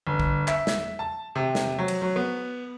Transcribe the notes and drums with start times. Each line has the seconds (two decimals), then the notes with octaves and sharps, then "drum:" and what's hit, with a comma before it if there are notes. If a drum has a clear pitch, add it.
0.07 G1
0.20 drum: kick A#1
0.48 E5, drum: clap
0.67 drum: snare
0.99 A5
1.35 C3
1.55 drum: snare
1.79 F#3
1.88 drum: cymbal
2.02 F#3
2.16 B3